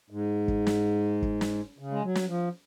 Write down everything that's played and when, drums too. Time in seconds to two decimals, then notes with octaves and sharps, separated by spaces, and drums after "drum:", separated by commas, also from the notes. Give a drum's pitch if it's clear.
0.10 G#2
0.48 drum: kick
0.67 drum: snare
1.22 drum: kick
1.41 drum: snare
1.79 C#3
1.91 G#3
2.03 F#3
2.15 drum: snare
2.28 F3